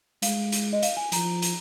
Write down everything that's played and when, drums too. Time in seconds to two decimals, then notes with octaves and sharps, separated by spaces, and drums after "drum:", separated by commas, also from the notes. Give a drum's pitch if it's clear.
0.22 G#3 F5, drum: hi-hat
0.52 drum: hi-hat
0.73 D#5
0.83 F5, drum: hi-hat
0.97 G#5
1.12 F3 A#5, drum: hi-hat
1.42 drum: hi-hat